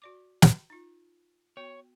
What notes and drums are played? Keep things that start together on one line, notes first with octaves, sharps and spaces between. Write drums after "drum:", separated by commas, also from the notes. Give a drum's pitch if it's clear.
F#4 D5 D6
drum: snare
D#4 F4
B3 F#4 C#5 G5